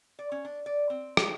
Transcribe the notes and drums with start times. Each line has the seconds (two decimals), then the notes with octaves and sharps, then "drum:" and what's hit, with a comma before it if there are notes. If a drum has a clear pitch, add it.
0.19 D5
0.32 C#4
0.45 D4
0.66 D5
0.90 C4
1.17 D#3, drum: rim click